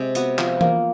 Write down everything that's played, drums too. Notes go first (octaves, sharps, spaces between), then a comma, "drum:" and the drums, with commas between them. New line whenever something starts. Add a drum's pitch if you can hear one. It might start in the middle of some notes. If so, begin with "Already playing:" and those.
Already playing: C3 G#3
B3 F#4, drum: hi-hat
F3, drum: clap
A#3, drum: tom E3